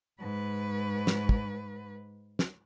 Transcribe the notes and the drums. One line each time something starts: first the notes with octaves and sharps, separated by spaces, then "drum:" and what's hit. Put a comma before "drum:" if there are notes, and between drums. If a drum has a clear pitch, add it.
G#2 B4
drum: snare
drum: kick
drum: snare